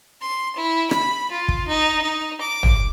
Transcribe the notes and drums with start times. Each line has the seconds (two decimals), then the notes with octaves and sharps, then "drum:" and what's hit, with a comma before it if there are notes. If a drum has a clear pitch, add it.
0.22 C6
0.56 E4
0.91 B5, drum: rim click
1.32 F4
1.48 drum: kick
1.68 D#4
2.02 D#4
2.41 D6
2.63 drum: tom